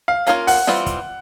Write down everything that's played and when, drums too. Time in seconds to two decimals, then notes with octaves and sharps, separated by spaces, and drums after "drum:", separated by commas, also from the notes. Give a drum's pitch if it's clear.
0.08 F5
0.27 A#3 C#4 F4 A#4 F5, drum: hi-hat
0.47 F#5, drum: open hi-hat
0.67 E3 G3 C4 F4, drum: snare
0.86 drum: kick, hi-hat